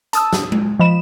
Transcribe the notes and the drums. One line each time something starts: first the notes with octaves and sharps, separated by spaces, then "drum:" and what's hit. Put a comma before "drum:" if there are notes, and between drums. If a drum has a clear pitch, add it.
A5 D#6 E6, drum: hi-hat
drum: snare
drum: tom G#3
F3 D#5 B5 E7